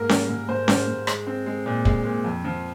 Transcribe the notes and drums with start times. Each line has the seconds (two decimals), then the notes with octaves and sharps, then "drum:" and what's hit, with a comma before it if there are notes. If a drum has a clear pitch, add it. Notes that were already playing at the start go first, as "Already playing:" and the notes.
Already playing: G#2 A#3 A#4
0.09 G3, drum: snare C#4
0.29 G#2
0.49 G#2 C5
0.68 G#2, drum: snare C#4
0.88 G#2
1.07 G#3, drum: rim click
1.27 C4
1.46 G#3
1.66 A#2
1.85 G#3, drum: kick
2.05 A#2
2.24 F2
2.44 F3